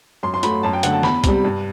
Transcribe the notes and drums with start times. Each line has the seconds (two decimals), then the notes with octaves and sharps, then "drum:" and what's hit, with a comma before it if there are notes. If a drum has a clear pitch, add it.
0.23 F#2 C6
0.34 C6
0.43 F#3 A3 B5, drum: hi-hat
0.63 F#2 A5
0.73 G5
0.83 D3 A3 F#5, drum: hi-hat
0.93 A5
1.03 E2 B5, drum: snare
1.24 C3 G3, drum: kick, hi-hat
1.44 G2